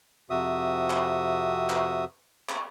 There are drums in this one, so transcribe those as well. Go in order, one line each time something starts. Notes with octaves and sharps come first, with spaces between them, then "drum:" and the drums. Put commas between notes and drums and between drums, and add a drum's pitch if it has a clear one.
F2 C3 F#4 E5 D#6
drum: clap
drum: clap
drum: clap